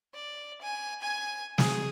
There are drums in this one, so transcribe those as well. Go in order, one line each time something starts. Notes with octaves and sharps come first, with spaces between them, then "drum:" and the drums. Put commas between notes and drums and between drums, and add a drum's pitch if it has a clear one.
D5
G#5
G#5 G#6
G#4, drum: snare